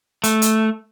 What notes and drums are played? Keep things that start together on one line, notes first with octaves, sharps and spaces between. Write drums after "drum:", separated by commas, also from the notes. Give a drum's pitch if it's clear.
A3, drum: hi-hat
drum: hi-hat